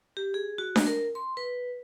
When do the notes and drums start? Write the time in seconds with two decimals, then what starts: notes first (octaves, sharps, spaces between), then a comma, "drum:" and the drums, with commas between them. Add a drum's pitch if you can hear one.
0.17 G4
0.34 G#4
0.58 F#4
0.76 drum: snare D4
0.87 A#4
1.15 C6
1.37 B4